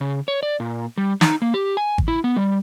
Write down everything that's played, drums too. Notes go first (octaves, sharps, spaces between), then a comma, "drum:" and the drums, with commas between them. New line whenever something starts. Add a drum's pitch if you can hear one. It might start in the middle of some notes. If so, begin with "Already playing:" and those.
C#3
C#5
D5
A#2
G3
D#4, drum: snare
A#3
G4
G#5
drum: kick G#1
E4
B3
G3